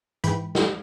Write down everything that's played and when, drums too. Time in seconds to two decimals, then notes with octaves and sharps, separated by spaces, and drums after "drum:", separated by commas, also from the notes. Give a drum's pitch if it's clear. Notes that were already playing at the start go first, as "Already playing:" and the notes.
0.24 G#2 E3 G5 B5, drum: hi-hat
0.55 drum: snare